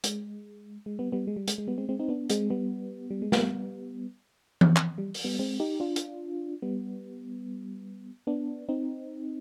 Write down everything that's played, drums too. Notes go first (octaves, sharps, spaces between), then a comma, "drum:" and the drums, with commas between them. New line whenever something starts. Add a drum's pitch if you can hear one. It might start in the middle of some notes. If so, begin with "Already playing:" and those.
G#3, drum: hi-hat
G#3
G3 B3
G3 B3
G#3
G3
G#3, drum: hi-hat
G#3
G3 B3
G#3 C4
G#3 C4
C4 D#4
B3 D4
G#3 C4, drum: hi-hat
G3 B3
G3
G#3
G3 B3, drum: snare
drum: tom E3
drum: clap
G3
drum: open hi-hat
G3 B3
G#3 C4
D#4 G4
D4 F4
drum: hi-hat
G3 B3
B3 D4
C4 D#4